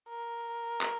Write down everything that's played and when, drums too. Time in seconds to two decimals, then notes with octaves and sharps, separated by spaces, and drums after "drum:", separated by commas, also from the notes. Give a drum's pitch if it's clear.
0.09 A#4
0.81 drum: clap